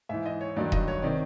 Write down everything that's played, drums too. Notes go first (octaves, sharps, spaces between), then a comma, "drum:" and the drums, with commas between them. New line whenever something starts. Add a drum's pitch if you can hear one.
G#2 E3 E5
D#5
C#5
G2 D#3 F#3 D5
D#5, drum: kick E1
C#5
C3 D#3 D5